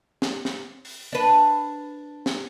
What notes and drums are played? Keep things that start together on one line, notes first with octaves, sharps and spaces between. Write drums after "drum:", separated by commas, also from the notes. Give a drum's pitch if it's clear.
drum: snare
drum: snare
drum: open hi-hat
D4 B4
drum: snare